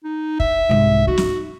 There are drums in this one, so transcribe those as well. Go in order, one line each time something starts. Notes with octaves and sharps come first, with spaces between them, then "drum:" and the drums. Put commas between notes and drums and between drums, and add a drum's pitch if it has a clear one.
D#4
E5, drum: kick
C2 G#2
D#4 F#4
drum: snare